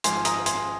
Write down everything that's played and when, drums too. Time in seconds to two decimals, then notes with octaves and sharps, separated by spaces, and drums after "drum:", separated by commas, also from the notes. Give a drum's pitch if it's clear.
0.04 G#1 G#2 F3 G#5 C6, drum: hi-hat
0.25 A#5 D#6, drum: hi-hat
0.46 G#5 C6, drum: hi-hat